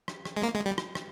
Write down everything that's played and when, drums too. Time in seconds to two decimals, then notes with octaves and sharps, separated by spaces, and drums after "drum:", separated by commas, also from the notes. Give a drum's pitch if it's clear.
0.08 drum: rim click
0.25 drum: rim click
0.37 G#3
0.43 A#3
0.55 G#3
0.66 G3
0.78 drum: rim click
0.95 drum: rim click